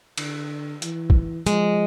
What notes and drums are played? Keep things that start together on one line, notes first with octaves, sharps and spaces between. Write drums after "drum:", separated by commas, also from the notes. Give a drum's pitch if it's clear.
D3, drum: cymbal
E3, drum: hi-hat
drum: kick
F3 G#3, drum: hi-hat